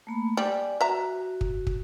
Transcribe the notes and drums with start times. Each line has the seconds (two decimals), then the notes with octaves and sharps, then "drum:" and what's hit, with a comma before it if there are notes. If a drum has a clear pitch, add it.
0.07 A3 A#3 B5
0.37 G3 G#5
0.81 F#4 E5 A#5
1.41 drum: kick
1.67 drum: kick